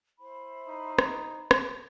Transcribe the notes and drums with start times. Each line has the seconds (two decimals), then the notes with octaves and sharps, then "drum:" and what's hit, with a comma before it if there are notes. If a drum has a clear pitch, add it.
0.20 E4 C5 B5
0.67 D#4
0.99 drum: rim click
1.51 drum: rim click